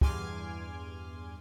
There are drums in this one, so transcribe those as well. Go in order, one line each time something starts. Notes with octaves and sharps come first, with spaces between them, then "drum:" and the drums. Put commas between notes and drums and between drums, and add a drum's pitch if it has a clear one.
E2 G2 G#5 C6 D6 F6, drum: kick